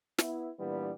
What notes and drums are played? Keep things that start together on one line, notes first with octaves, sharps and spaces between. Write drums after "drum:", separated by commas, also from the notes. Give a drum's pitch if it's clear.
B3 E4, drum: snare
A#2 E3 G3 B3 D4